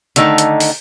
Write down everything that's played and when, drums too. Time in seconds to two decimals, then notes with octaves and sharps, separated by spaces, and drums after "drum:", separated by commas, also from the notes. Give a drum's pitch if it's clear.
0.16 D3 D#3 A3 D#4, drum: hi-hat
0.38 drum: hi-hat
0.60 drum: open hi-hat